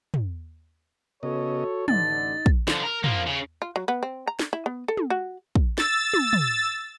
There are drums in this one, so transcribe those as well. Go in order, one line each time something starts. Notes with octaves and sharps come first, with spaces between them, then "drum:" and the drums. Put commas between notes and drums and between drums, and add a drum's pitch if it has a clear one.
drum: tom
C#3 B3 F#4 A4 C#5 D#5
A1 D3 D#4 A6, drum: tom
drum: kick
D3 F3, drum: snare
A#4
F3 A#3, drum: tom
C#3
F4
F#3
B3
C4
A#5
drum: snare
E4
B3
A4
drum: tom
F#4
drum: kick
E6 A6, drum: snare
drum: tom
drum: tom